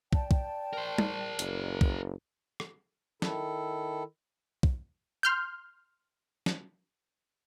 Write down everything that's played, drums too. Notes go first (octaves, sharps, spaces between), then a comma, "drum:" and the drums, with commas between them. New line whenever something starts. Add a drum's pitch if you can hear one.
D5 G5 A5, drum: kick
drum: kick
A#4 C5
drum: tom G3
F#1, drum: hi-hat
drum: kick
drum: rim click
D#3 E4 A4, drum: snare
drum: kick
C6 F6 G6
drum: snare